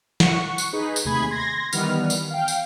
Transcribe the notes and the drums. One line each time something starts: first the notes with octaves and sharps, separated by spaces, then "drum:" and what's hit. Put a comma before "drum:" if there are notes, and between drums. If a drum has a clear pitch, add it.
F#5 C#6, drum: snare
drum: tambourine
D#4 G#4 B4
drum: tambourine
D#2 C3 A3 G#4 B5 G#6
C6 G#6 A#6
D#3 E3 G3 B3 F6, drum: tambourine
drum: tambourine
F5 G5
drum: tambourine